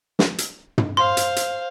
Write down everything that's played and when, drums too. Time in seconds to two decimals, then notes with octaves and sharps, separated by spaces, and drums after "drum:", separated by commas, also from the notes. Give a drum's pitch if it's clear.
0.19 drum: snare
0.38 drum: hi-hat
0.78 drum: tom
0.97 C5 F5 C6
1.17 drum: hi-hat
1.36 drum: hi-hat